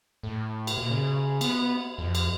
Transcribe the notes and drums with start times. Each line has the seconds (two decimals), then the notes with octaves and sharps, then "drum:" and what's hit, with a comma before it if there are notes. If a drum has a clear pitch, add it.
0.23 A2
0.67 drum: cymbal
0.78 A#2
0.90 C#3
1.41 B3, drum: cymbal
1.98 F2
2.15 drum: cymbal